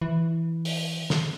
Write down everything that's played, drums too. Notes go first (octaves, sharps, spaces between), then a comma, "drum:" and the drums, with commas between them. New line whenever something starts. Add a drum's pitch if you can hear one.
E3
drum: open hi-hat
drum: snare